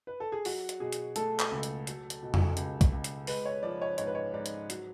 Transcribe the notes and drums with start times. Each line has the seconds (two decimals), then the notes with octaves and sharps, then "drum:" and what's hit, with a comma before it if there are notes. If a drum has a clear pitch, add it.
0.07 B4
0.20 A4
0.32 G#4
0.45 F#3 F#4, drum: open hi-hat
0.69 drum: hi-hat
0.80 B2 G#4
0.93 drum: hi-hat
1.16 A3 A4, drum: hi-hat
1.40 drum: clap
1.52 C#2
1.63 drum: hi-hat
1.87 F#3, drum: hi-hat
2.10 drum: hi-hat
2.23 B2
2.34 drum: tom F2
2.57 C#2, drum: hi-hat
2.81 drum: kick, hi-hat
2.93 C#2
3.04 drum: hi-hat
3.27 G#3 B4, drum: open hi-hat
3.45 C#5
3.63 F3 D5
3.82 C#5
3.98 G#2 C#5, drum: hi-hat
4.07 B4
4.15 C#5
4.33 G#2 D5
4.46 drum: hi-hat
4.70 F#3, drum: hi-hat